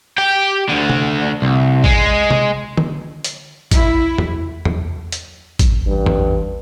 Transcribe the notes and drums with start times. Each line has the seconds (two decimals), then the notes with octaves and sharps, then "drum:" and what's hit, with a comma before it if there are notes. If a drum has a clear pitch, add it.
0.18 G4 G5
0.69 D2 D3
0.90 drum: tom C3
1.42 C2
1.84 G#3, drum: kick
2.31 drum: tom C3
2.77 drum: tom D3
3.24 drum: hi-hat
3.71 E4, drum: kick, hi-hat
4.18 drum: tom E2
4.65 drum: tom E2
5.12 drum: hi-hat
5.59 drum: kick, hi-hat
5.87 A1 G2
6.06 drum: tom E2